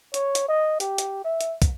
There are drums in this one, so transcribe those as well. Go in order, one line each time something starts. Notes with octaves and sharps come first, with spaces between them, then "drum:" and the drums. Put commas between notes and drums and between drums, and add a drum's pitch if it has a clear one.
C#5, drum: hi-hat
drum: hi-hat
D#5
G4, drum: hi-hat
drum: hi-hat
E5
drum: hi-hat
drum: kick, hi-hat